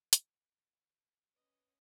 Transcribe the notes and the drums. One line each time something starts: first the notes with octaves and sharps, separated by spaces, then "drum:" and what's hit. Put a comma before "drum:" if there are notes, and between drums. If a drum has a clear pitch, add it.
drum: hi-hat
C#4 B4 D#5